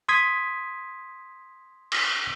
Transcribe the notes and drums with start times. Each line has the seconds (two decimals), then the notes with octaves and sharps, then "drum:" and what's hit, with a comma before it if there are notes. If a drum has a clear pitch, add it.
0.09 C6 D#6 G#6 B6
1.92 drum: cymbal